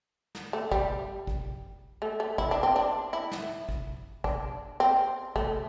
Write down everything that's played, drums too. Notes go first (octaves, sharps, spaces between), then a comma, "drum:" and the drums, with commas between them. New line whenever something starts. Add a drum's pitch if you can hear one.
drum: snare
A3
G3, drum: kick G#1
drum: kick G#1
A3
A3
E4, drum: kick G#1
D4
C4
D4
E4
drum: snare
drum: kick G#1
D4, drum: kick G#1
C4
A3, drum: kick G#1